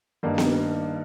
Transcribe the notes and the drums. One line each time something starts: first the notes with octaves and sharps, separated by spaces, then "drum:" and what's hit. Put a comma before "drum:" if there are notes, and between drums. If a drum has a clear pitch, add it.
G2 D#3 G3 A#3 D#4
drum: snare B3